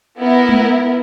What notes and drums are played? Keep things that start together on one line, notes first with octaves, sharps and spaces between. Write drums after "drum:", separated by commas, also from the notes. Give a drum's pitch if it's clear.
B3 E4 A#4
drum: tom G#3